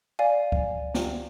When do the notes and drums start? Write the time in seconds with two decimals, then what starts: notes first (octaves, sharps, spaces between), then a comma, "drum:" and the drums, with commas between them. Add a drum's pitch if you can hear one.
0.19 D5 F5 G#5
0.52 drum: kick C#2
0.95 drum: snare